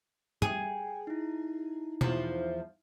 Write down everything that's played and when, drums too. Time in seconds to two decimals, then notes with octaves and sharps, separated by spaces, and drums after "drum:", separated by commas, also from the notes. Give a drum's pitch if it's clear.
0.42 G#4 G5 G#5, drum: tom
1.07 D#4 E4
2.01 E2 F3, drum: tom